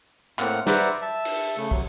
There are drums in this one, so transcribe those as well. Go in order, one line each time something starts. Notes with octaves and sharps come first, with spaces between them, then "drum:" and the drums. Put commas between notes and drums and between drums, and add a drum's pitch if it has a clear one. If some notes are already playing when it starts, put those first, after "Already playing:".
A2 A#3 C4 F#5 F6, drum: clap
B4 C5 D5 E5 F#5 A#5, drum: snare
E5 A5
drum: cymbal
C#3 A3
C3 F#3, drum: kick